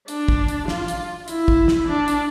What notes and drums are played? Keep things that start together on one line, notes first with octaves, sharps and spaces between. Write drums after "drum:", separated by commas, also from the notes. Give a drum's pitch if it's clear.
D4, drum: hi-hat
drum: kick
drum: hi-hat
F4, drum: snare
drum: hi-hat
E4, drum: hi-hat
drum: kick
drum: snare
D4
drum: hi-hat